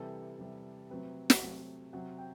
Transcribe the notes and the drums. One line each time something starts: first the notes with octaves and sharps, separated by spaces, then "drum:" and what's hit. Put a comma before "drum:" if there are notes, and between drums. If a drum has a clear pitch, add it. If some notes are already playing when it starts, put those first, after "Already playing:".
Already playing: C3 E3 G3 A4
C3 E3 G3
C3 F#3 A3 C4 B4
drum: snare
C3 F#3 A3 C4
C3 F#3 C4 F#5
G5